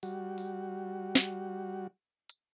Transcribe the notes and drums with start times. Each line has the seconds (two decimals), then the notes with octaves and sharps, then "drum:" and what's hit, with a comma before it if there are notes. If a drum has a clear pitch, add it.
0.03 G3 F#4, drum: open hi-hat
0.38 drum: open hi-hat
1.15 drum: snare
2.30 drum: hi-hat